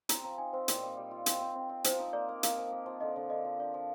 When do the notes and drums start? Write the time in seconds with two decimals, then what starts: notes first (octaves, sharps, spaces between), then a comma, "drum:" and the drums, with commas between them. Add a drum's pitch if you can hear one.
0.09 C4 A#5, drum: hi-hat
0.24 F3 A#5
0.38 D#4 G#5
0.53 C4 C5
0.68 A#2, drum: hi-hat
0.83 G3
0.97 G3
1.11 F4
1.26 C4, drum: hi-hat
1.41 C4
1.55 C4
1.69 C4
1.84 F3 C5, drum: hi-hat
1.99 D#4
2.13 A#3 D5
2.29 A#3
2.43 A#3 F5, drum: hi-hat
2.58 F3
2.72 A#3
2.86 F3
3.01 D3 D#5
3.16 D3
3.30 D3 D#5
3.45 F3
3.60 D4 D5
3.74 F3